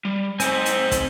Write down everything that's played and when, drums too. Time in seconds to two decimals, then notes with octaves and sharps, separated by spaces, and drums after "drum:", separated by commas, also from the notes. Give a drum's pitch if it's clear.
0.05 G3
0.40 C4 C5 D#5 G#5, drum: hi-hat
0.66 drum: hi-hat
0.91 drum: kick, hi-hat